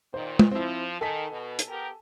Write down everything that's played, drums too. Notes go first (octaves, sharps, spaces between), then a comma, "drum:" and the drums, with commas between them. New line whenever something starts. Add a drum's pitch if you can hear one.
A#2 D#3 C5
drum: tom G#3
F3 C4 E4
D#3 A4 G#5 B6
B2
drum: hi-hat
B3 G4 A#4